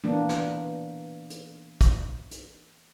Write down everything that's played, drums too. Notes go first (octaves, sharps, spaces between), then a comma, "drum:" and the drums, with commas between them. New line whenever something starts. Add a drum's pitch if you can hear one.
E3 A#3 B3 D4
drum: snare
drum: hi-hat
drum: kick, hi-hat
drum: hi-hat